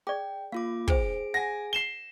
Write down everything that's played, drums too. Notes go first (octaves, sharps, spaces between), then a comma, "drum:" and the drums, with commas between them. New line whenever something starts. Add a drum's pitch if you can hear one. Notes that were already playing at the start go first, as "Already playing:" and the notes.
G#4 D5 G5
A#3 F4 F5 D6
D4 G#4 C5 G5 D7, drum: kick
F#5 G#5 A#6
C7 E7 G7